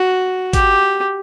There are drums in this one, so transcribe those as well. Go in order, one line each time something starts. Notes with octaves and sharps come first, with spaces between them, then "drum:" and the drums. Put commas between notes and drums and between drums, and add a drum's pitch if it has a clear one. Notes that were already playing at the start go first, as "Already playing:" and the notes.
Already playing: F#4
G4, drum: kick, hi-hat